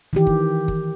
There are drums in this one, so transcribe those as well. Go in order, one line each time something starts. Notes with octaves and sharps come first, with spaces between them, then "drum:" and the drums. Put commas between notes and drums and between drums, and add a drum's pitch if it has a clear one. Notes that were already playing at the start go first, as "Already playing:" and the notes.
D#3 E3 G4
drum: kick
drum: kick